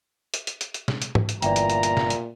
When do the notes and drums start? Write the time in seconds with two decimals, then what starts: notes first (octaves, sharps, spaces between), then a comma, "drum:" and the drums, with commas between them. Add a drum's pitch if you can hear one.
0.34 drum: hi-hat
0.47 drum: hi-hat
0.61 drum: hi-hat
0.74 drum: hi-hat
0.88 drum: snare
1.02 drum: hi-hat
1.15 drum: tom G#2
1.29 drum: hi-hat
1.42 G1 A#2 E3 D5 E5 G5 A#5, drum: hi-hat
1.56 drum: hi-hat
1.70 drum: hi-hat
1.83 drum: hi-hat
1.97 drum: snare
2.10 drum: hi-hat